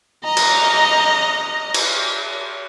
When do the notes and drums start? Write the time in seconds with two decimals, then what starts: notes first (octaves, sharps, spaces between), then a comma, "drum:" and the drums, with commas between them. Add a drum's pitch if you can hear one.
0.24 D#5 A#5
0.37 drum: cymbal
1.74 drum: cymbal